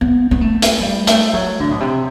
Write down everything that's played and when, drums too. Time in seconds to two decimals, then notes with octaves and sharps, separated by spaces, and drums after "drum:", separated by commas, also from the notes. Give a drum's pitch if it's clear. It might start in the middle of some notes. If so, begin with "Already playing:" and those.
0.01 B3
0.31 B3
0.41 A3
0.62 drum: hi-hat
0.81 G3
1.07 A3, drum: hi-hat
1.33 F#3
1.60 D3
1.71 B2
1.80 C3